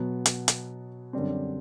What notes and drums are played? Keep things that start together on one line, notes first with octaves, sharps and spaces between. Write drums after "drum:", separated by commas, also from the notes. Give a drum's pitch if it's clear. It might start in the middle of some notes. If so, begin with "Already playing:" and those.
Already playing: B2 F#3 B3 F#4
drum: hi-hat
drum: hi-hat
F#2 D3 G3 C4